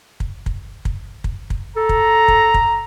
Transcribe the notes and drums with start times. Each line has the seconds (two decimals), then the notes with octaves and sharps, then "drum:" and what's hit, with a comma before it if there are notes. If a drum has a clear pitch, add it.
0.20 drum: kick
0.46 drum: kick
0.85 drum: kick
1.24 drum: kick
1.50 drum: kick
1.76 A4 A#5
1.89 drum: kick
2.28 drum: kick
2.54 drum: kick